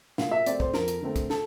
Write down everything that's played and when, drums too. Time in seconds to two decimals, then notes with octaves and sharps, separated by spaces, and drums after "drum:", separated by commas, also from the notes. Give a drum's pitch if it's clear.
0.18 A#2 F5, drum: snare
0.31 E5
0.46 A3 C4 D5, drum: hi-hat
0.60 C5, drum: kick
0.74 F2 A#4, drum: snare
0.88 drum: hi-hat
1.01 D3 A3 C4
1.16 drum: kick, hi-hat
1.30 A4, drum: snare